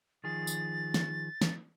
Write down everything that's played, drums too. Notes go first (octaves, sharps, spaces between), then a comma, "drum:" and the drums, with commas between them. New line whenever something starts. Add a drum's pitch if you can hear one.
D#3 F3 G#4 A6
drum: tambourine
drum: snare
drum: snare